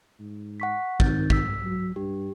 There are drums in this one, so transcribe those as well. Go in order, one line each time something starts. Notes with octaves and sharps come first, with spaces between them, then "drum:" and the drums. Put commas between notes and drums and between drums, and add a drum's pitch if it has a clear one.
G#2
F#5 C#6 B6
D#3 C4 G6 A6, drum: kick
E6 B6, drum: kick
F#3
G2 G4